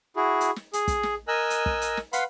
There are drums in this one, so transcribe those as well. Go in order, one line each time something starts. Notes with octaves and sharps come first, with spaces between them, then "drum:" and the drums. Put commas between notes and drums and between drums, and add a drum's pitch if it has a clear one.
E4 F#4 G#4
drum: hi-hat
drum: snare
G#4, drum: hi-hat
drum: kick, hi-hat
drum: snare
A#4 D#5 G#5 E6 F#6
drum: hi-hat
drum: kick
drum: hi-hat
drum: snare
B4 F5 F#5 B5 C6, drum: hi-hat